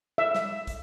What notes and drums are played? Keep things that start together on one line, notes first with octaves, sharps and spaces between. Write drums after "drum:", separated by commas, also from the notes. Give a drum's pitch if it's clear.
E5
drum: snare
drum: kick, hi-hat